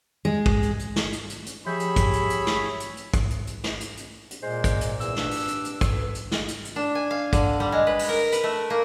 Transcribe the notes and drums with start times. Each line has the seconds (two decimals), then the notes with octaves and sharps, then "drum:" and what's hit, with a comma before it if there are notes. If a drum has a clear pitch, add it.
0.25 G#3
0.46 drum: kick
0.63 drum: hi-hat
0.79 drum: hi-hat
0.96 drum: snare
1.13 drum: hi-hat
1.29 drum: hi-hat
1.46 drum: hi-hat
1.66 F3 G4 G#4 C#5 E5 B5 G6
1.80 drum: hi-hat
1.96 drum: kick, hi-hat
2.13 drum: hi-hat
2.30 drum: hi-hat
2.47 drum: snare
2.80 drum: hi-hat
2.97 drum: hi-hat
3.14 drum: kick, hi-hat
3.30 drum: hi-hat
3.47 drum: hi-hat
3.64 drum: snare
3.80 drum: hi-hat
3.97 drum: hi-hat
4.31 drum: hi-hat
4.43 A#2 G#3 C5
4.64 drum: kick, hi-hat
4.81 drum: hi-hat
5.01 E2 E6, drum: hi-hat
5.16 G2 D4, drum: snare
5.31 drum: open hi-hat
5.48 drum: hi-hat
5.65 drum: hi-hat
5.81 drum: kick, hi-hat
5.91 D2 B4
6.15 drum: hi-hat
6.31 drum: snare
6.48 drum: hi-hat
6.65 drum: hi-hat
6.76 D4
6.95 G#5
7.11 F5
7.33 D3, drum: kick, hi-hat
7.60 G3
7.72 G#3
7.87 B4
7.99 drum: open hi-hat
8.09 A#4
8.32 B4, drum: hi-hat
8.44 A3
8.70 A#3